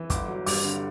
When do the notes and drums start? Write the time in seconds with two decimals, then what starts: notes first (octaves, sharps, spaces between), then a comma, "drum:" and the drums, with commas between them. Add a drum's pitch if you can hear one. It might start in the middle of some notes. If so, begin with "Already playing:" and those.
Already playing: E3
0.10 G1 D6, drum: kick, hi-hat
0.28 F#3
0.46 G2 D6, drum: open hi-hat
0.64 D3